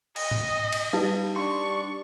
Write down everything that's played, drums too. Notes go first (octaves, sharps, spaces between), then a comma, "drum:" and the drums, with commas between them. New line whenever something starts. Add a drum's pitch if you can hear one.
D#5, drum: cymbal
drum: tom G#2
drum: cymbal
G3 D#4 G4 B4 F5
D4 C6 C#6